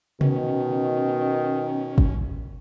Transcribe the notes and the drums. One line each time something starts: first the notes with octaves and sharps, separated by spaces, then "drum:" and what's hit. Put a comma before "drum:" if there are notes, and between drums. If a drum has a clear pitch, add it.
B2 D#3 C#4, drum: tom C3
drum: kick